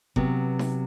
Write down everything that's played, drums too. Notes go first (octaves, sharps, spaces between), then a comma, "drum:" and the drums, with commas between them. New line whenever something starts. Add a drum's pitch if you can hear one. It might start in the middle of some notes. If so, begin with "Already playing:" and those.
C3 F#3 B3 F#4, drum: kick F#1
drum: snare D#4